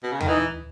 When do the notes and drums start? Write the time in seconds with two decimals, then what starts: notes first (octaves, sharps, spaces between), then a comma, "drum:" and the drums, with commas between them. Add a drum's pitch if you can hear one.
0.03 B2
0.12 C#3
0.21 D#3, drum: tom D#2
0.28 E3 D#4